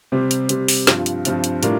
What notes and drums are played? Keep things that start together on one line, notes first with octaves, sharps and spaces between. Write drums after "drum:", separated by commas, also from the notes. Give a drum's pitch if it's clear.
C3 G3 C4
drum: hi-hat
C3 G3 C4, drum: hi-hat
drum: open hi-hat
G2 F3 C4 F4, drum: snare
drum: hi-hat
G2 F3 C4 F4, drum: hi-hat
drum: hi-hat
A2 G3 D4 F4 A#4, drum: hi-hat